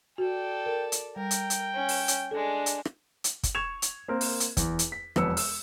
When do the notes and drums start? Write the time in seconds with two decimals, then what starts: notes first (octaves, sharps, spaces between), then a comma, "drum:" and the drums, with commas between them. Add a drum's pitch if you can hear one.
0.18 F#4 A4 D5 G5
0.66 A#4
0.92 drum: hi-hat
1.16 G3 A#4 G5
1.31 drum: hi-hat
1.50 drum: hi-hat
1.74 C#4
1.89 drum: open hi-hat
2.08 drum: hi-hat
2.31 G#3 D4 A4
2.66 drum: hi-hat
2.85 drum: rim click
3.24 drum: hi-hat
3.43 drum: kick, hi-hat
3.55 C#6 G#6 E7 F7
3.82 drum: hi-hat
4.08 A#3 C4 A#4
4.21 drum: open hi-hat
4.40 drum: hi-hat
4.57 E2, drum: kick, hi-hat
4.79 drum: hi-hat
4.92 B6
5.16 E1 F2 B3 E6 C#7, drum: rim click
5.37 E6, drum: open hi-hat